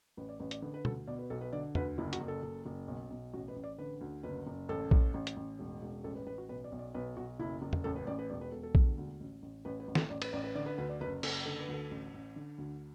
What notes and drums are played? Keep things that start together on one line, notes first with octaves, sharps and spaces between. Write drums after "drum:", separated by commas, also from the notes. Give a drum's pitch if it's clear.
A1 B4
D5
A1 B4
D5, drum: hi-hat
D3 B4
B4
D2 A4, drum: tom B2
B2 D5
B4
B1 A4
B4
D3 D5
D2 B4, drum: tom E2
F#1 E4
F#4, drum: hi-hat
F#1
A4
F#1
F#1
B1
B1
A1 F#4
B4
A1
D5
D3 B4
D2
F#1 B4
F#1
A1 A4
A1, drum: kick A#1
A1
drum: hi-hat
A1
E1
E1
A1 A4
B4
A1 B4
F#4
B1 B4
D5
B1
D5
B1 B4
B1 F#4
F#1 E4
F#1
drum: tom E2
A1 A4
B4
A1 D5
B4
E1 D5
B4
E1 A4
A4
D3, drum: kick A#1
D2
A1
A1
A1 B4
B4
A1
A4, drum: snare
A1 D5
B4, drum: cymbal
A1 D5
B4
D3 D5
B4
D2 B4
D5
F#1 B4
F#1 A4, drum: cymbal
D3 A4
B4
D2
A4
A1
A1
D3
D2